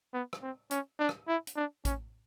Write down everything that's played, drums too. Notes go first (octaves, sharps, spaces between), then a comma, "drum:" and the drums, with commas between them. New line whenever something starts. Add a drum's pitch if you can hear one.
B3
drum: rim click
C4
C#4, drum: hi-hat
D4
drum: rim click
E4
drum: hi-hat
D4
C#4, drum: kick A1, hi-hat